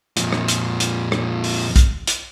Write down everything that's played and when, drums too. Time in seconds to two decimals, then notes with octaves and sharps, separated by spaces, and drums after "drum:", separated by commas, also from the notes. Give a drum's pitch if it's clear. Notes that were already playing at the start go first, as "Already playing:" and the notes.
0.17 F2 A#2, drum: hi-hat
0.33 drum: rim click
0.48 drum: hi-hat
0.80 drum: hi-hat
1.12 drum: rim click
1.44 drum: open hi-hat
1.76 drum: kick, hi-hat
2.07 drum: hi-hat